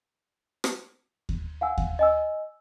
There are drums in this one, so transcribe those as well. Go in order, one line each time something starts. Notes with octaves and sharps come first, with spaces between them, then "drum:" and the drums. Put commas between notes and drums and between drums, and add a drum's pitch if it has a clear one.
drum: rim click
drum: kick D#2
F5 F#5 G#5 E6
drum: kick D#2
D#5 G#5 E6